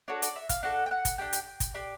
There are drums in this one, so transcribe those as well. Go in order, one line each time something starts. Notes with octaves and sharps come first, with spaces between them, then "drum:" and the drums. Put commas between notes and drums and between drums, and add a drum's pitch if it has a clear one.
D4 F#4 A4 C#5
D5, drum: hi-hat
E5
F5, drum: kick, hi-hat
D4 F#4 A4 F#5
G5
F#5
drum: kick, hi-hat
D4 G4 G5
drum: hi-hat
drum: kick, hi-hat
D4 G4